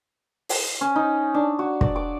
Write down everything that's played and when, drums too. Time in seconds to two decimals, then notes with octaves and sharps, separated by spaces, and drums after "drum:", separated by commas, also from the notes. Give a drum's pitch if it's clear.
0.49 drum: open hi-hat
0.81 C#4
0.96 D#4
1.34 D4
1.59 F#4
1.81 D5, drum: kick
1.96 D6